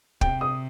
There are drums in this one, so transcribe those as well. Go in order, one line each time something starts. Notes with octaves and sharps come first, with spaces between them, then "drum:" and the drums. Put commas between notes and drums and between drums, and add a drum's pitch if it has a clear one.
C3 G5, drum: kick
D#6